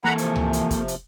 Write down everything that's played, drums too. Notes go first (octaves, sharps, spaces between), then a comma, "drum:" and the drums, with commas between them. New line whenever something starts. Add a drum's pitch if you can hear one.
E3 A#3 A4 F#5 G#5 A#5 B5
C3 F3, drum: hi-hat
drum: tom C#2
drum: hi-hat
drum: kick, hi-hat
drum: hi-hat